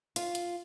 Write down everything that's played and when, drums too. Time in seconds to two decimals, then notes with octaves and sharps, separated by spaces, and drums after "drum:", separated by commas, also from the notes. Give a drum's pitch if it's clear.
0.16 F4, drum: hi-hat
0.35 drum: hi-hat